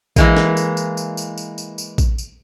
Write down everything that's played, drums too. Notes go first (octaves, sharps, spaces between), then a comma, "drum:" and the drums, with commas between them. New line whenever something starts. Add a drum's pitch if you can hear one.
E3 G#3 A#3, drum: kick A#1, tambourine
drum: snare
drum: tambourine
drum: tambourine
drum: tambourine
drum: tambourine
drum: tambourine
drum: tambourine
drum: tambourine
drum: kick A#1, tambourine
drum: tambourine